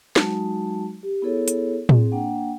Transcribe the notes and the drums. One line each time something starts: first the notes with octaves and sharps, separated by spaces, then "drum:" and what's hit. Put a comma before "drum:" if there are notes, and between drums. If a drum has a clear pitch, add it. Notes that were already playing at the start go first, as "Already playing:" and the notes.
F#3 G#3 D#4 F#4 A5, drum: snare
G4
B3 E4 G#4 A4 C#5
drum: hi-hat
C4 G#4, drum: tom A2
A#3 D4 F#5 G5